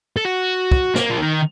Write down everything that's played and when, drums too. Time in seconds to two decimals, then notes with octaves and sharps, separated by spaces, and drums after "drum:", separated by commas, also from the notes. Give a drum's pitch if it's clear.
0.17 A4
0.25 F#4
0.71 drum: kick
0.96 A#3, drum: snare
1.11 F3
1.18 D#3